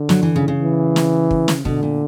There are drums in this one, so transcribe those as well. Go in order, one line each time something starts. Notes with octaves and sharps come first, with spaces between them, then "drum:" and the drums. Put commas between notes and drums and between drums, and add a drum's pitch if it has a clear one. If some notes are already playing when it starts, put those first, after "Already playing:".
Already playing: D3
F#3, drum: snare
E3
C#3
C#3
E3
drum: snare
drum: kick
drum: snare
B2 D3, drum: kick
A#2